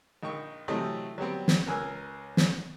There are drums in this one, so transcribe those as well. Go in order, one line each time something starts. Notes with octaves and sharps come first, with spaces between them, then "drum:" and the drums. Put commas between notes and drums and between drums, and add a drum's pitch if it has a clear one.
A#1 D#4 G5 C#6
C3 E3 F#3 A3 C4 D#5
F#3 G3 B3 C4
drum: snare
C#2 A#4 G#5 E6 F#6
drum: snare